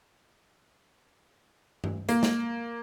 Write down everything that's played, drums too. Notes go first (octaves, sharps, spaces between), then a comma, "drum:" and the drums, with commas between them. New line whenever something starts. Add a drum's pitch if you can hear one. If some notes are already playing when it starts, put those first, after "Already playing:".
drum: tom G2
A#3, drum: hi-hat
drum: snare